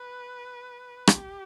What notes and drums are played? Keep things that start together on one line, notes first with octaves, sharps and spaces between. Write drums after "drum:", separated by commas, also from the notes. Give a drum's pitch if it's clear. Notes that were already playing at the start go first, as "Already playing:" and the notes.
Already playing: B4
G4, drum: rim click